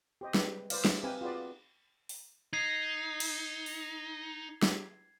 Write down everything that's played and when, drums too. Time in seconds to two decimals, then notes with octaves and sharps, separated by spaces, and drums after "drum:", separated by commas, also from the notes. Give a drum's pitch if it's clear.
0.21 G4 C5 D#5
0.34 G3 G#3 B4, drum: snare
0.70 B4 C5 D5 F5, drum: cymbal
0.85 E5, drum: snare
1.03 C4 D#4 G4 B4 F5 G#5
1.21 F4 F#4 G#4 B4 D5
2.09 drum: open hi-hat
2.53 D#4 G#6 C7
3.20 drum: cymbal
3.66 drum: open hi-hat
4.62 drum: snare